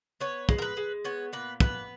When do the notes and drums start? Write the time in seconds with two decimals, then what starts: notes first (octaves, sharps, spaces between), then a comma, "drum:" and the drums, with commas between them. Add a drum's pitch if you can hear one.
0.20 B3 C#5
0.49 G#3, drum: kick
0.59 A#4
0.62 B4
0.77 G#3
1.05 B3 C#5
1.33 A#2 B4
1.60 B3 B4, drum: kick